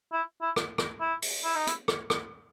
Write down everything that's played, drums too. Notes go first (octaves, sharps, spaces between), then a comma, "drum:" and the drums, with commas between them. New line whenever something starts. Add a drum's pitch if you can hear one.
E4
E4
drum: rim click
drum: rim click
E4
drum: open hi-hat
E4
D#4
E4, drum: hi-hat
drum: rim click
drum: rim click